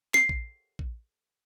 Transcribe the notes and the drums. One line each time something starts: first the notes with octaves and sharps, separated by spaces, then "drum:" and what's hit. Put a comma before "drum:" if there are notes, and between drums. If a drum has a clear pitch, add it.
C7, drum: snare
drum: kick A#1
drum: kick A#1